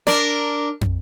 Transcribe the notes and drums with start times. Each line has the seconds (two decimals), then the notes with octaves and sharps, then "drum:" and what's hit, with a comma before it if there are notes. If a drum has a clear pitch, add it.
0.07 D4 A#4 D5, drum: snare
0.81 drum: tom